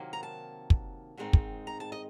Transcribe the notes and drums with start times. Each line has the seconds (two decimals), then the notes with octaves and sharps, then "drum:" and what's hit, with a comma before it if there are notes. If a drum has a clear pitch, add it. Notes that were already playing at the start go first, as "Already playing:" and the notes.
Already playing: C3 D#3 F#3 A#3
0.13 A#5
0.23 A5
0.70 drum: kick
1.17 G#2 D#3 G#3 C4 D#4
1.33 drum: kick
1.67 A#5
1.80 A5
1.92 D#5